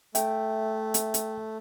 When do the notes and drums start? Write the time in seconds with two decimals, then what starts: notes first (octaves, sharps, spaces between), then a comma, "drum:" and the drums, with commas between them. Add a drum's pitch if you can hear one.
0.15 A3 E5 G5, drum: hi-hat
0.94 drum: hi-hat
1.14 drum: hi-hat